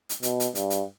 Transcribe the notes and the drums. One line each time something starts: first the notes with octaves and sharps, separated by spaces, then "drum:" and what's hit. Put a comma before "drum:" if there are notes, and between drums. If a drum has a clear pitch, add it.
drum: hi-hat
B2, drum: hi-hat
drum: hi-hat
G2, drum: hi-hat
drum: hi-hat